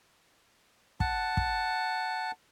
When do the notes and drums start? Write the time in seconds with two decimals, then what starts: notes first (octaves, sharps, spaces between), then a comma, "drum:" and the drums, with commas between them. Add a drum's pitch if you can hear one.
1.00 F#5 A5, drum: kick
1.37 drum: kick